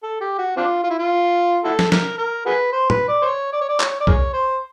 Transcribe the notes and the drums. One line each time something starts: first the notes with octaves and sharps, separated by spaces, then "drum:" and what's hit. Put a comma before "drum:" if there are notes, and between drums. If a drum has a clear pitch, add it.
A4
G4
F#4
C4 D4 F4
F4
E4
F4
E4 F#4 A4
drum: snare
A#4, drum: snare
A#4
F#4 G#4 B4
C5
B4, drum: tom
D5
C5
C#5
D5
C#5
D5
C#5, drum: clap
D5
G#4 A#4 C#5, drum: kick B1
C5